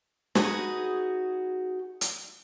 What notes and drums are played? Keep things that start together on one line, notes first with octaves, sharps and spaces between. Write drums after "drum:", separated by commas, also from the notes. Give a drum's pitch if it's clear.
D#4 F#4 G#4 B4, drum: snare
drum: hi-hat